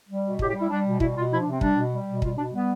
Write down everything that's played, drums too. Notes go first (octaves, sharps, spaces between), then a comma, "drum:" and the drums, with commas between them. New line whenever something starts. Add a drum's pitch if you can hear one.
G3
B2
A2 G4, drum: kick
G4
G3
E4
G3 D4
B2
G3 E4, drum: kick
B2 F4
F3 E4
D4
C3
C4
G3 D4, drum: kick
B2
G3
B2
G3 F4, drum: kick
B2 D4
G3 B3